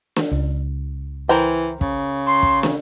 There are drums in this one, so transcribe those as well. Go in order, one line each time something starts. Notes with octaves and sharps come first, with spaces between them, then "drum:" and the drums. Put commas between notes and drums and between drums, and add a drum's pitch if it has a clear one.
drum: snare
C#2
E3 A#4 C5 G5
C#3, drum: kick
C6
drum: kick
drum: snare